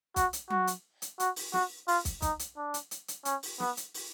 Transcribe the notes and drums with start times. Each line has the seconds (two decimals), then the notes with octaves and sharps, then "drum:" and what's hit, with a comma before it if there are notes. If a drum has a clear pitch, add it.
0.16 F#4, drum: kick, hi-hat
0.33 drum: hi-hat
0.50 F#4, drum: tom F#3
0.67 drum: hi-hat
1.02 drum: hi-hat
1.20 F#4, drum: hi-hat
1.36 drum: open hi-hat
1.53 F#4, drum: snare
1.88 F4, drum: open hi-hat
2.05 drum: kick, hi-hat
2.22 D#4, drum: kick, hi-hat
2.39 drum: hi-hat
2.56 D4
2.74 drum: hi-hat
2.91 drum: hi-hat
3.08 drum: hi-hat
3.25 C#4, drum: hi-hat
3.43 drum: open hi-hat
3.60 B3, drum: snare
3.77 drum: hi-hat
3.94 drum: open hi-hat